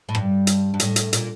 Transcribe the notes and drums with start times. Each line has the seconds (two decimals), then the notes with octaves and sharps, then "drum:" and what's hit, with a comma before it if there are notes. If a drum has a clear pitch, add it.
0.09 A2
0.15 G2, drum: rim click
0.47 drum: hi-hat
0.74 G2
0.80 A2, drum: hi-hat
0.96 drum: hi-hat
1.13 A#2, drum: hi-hat